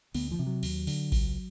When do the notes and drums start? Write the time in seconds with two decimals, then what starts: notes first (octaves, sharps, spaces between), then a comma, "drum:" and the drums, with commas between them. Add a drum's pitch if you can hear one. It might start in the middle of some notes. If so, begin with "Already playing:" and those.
0.14 D2 B3, drum: cymbal
0.31 F3
0.39 C3
0.47 F#3
0.63 D#2, drum: cymbal
0.87 D3, drum: cymbal
1.12 C#2, drum: kick A1, cymbal